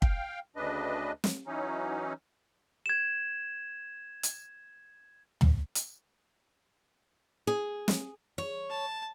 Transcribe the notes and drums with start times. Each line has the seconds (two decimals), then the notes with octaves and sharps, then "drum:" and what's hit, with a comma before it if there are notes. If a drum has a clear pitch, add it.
0.02 F5 G5, drum: kick
0.56 D2 C#3 D4 B4 D#5
1.24 drum: snare
1.47 E3 F#3 C#4 D#4
2.86 G#6 E7
4.23 drum: hi-hat
5.41 drum: tom
5.75 drum: hi-hat
7.47 G#4
7.88 drum: snare
8.38 C#5
8.70 A5